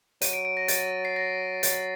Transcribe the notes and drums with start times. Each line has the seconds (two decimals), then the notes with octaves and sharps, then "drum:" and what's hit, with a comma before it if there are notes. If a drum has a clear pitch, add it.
0.22 F#3 D#7, drum: hi-hat
0.33 D7
0.45 D7
0.57 A#6
0.68 A6, drum: hi-hat
1.05 C7
1.16 A#6
1.63 F#3 A6, drum: hi-hat